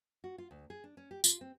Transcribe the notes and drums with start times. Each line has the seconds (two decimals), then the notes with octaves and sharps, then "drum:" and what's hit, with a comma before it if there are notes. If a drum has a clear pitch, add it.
0.24 F#4
0.38 F4
0.51 D2
0.70 G#4
0.84 D4
0.97 C#4
1.11 G4
1.24 F4, drum: tambourine
1.41 C4